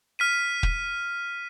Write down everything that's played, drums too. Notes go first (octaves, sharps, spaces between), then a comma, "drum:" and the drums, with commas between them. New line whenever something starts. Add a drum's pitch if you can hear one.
F6 B6 D#7
drum: kick